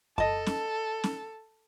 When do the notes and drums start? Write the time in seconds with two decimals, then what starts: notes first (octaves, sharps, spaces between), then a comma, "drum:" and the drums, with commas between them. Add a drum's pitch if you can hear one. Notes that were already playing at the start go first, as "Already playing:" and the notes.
0.18 A4 D#5 A5, drum: kick F#2
0.46 drum: snare C#4
1.04 drum: snare C#4